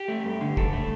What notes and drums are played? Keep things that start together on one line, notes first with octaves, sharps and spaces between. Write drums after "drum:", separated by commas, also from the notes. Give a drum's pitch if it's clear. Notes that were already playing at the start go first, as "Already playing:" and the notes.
Already playing: G4
A3
G2
D3
G2 A4, drum: kick
A3